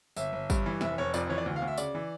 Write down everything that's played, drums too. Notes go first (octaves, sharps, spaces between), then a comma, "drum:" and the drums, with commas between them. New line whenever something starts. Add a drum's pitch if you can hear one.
G1 E5, drum: tambourine
G1
G2, drum: kick, tambourine
E3
F1 E5, drum: snare
F1 C#5
F2 D5, drum: tambourine
E3 C#5
D5
D2
F5
D2
E5
C#3 D5, drum: tambourine
E3